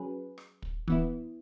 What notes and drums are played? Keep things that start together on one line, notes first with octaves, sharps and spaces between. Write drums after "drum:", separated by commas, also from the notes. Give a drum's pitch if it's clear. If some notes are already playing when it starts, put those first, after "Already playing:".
Already playing: F#3 C#4 G#4 B4
drum: rim click
drum: kick
E3 B3 E4, drum: kick